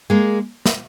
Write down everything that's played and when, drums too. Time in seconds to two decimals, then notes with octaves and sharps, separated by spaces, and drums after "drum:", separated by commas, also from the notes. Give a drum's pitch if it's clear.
0.10 G#3 A#3
0.66 drum: snare